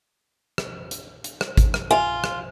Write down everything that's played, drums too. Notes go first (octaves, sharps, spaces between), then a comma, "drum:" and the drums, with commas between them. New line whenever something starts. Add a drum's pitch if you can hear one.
drum: rim click
drum: hi-hat
drum: hi-hat
drum: rim click
drum: kick, hi-hat
drum: rim click
F4 G#5
drum: rim click